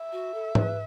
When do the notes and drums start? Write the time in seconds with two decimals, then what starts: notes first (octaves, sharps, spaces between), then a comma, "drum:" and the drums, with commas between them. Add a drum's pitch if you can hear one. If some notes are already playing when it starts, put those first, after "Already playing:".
Already playing: E5
0.12 F#4
0.34 A4
0.55 B4, drum: tom G#2